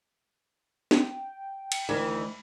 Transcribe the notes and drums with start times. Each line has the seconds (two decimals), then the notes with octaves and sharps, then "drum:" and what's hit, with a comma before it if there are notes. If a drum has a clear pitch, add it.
0.91 G5, drum: snare
1.72 drum: cymbal
1.89 D2 D#3 E3